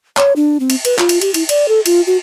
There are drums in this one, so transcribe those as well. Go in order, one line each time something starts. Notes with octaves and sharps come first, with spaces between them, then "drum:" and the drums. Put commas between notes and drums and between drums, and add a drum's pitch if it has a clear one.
C#5, drum: clap
D4
C4
drum: cymbal
B4, drum: cymbal
F4, drum: clap
drum: cymbal
G4, drum: cymbal
E4, drum: cymbal
D5, drum: cymbal
A4
F4, drum: cymbal
F#4